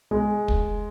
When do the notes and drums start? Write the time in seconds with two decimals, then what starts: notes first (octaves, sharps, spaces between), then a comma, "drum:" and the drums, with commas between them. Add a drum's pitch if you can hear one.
0.11 G#3
0.48 drum: kick